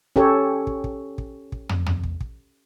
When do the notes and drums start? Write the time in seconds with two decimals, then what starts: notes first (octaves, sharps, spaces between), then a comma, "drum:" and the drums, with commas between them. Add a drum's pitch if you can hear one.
0.16 C#4 G4 A4 C#5, drum: kick
0.67 drum: kick
0.84 drum: kick
1.18 drum: kick
1.52 drum: kick
1.69 drum: tom
1.86 drum: tom
2.03 drum: kick
2.21 drum: kick